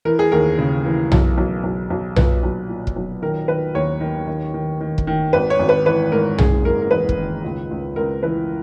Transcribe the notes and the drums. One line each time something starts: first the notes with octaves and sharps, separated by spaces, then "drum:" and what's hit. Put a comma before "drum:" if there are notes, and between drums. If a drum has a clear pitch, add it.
E3 A#4
G#4
D#2 A#4
C#3
E3
B1, drum: tom B1
B1
B1
B1
A#2 B4, drum: tom B1
B1
A#2
drum: kick
B1
D#3 A#4
D#3 B4
D#2 C#5
D#3
D#3
D#3
D#3
drum: kick
D#3
G#1 B4
C#5
G#1
B4
E3 B4
G#2 A#4
F#1 G#4, drum: tom B1
F#1 A#4
A#4
E2 B4
drum: kick
D#3
C#2
C#2
C#2 A#4
E3 B4